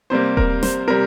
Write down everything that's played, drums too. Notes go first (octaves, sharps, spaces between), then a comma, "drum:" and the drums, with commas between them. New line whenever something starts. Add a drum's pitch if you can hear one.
C3 G3 A#3 C5
A#4, drum: kick D#1
C5, drum: snare
C3 G3 A#4